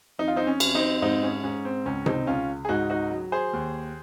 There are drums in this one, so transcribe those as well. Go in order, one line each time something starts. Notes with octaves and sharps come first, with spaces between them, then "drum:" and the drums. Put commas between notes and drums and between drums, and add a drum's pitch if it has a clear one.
F2 D#4
F4
C4 D#4
C#4
F2, drum: cymbal
C4 D#4
G#2 C4 D#4
C#4
G#2 C#4
C4
C#2 C#4
C4 D#4, drum: tom C3
C#2 C#4 F4
G#4
G#2 D#4 F#4
D#4 F#4
F#3
G#4 C5
D#2